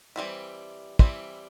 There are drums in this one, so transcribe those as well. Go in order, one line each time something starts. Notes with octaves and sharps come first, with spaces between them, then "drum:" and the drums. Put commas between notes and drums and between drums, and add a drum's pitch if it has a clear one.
E3 G3 C4 E4
E3 G3 C4 E4, drum: kick